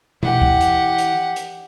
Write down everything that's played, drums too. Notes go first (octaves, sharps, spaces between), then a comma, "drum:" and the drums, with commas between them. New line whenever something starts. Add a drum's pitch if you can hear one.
E3 G4 F#5, drum: tom B2
drum: kick
drum: hi-hat
drum: hi-hat
drum: hi-hat